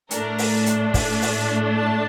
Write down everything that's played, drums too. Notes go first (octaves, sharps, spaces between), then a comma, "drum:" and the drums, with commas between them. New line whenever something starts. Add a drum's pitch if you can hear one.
A2 A3 D4 A#4, drum: hi-hat
drum: open hi-hat
drum: hi-hat
drum: kick, open hi-hat
drum: open hi-hat
A5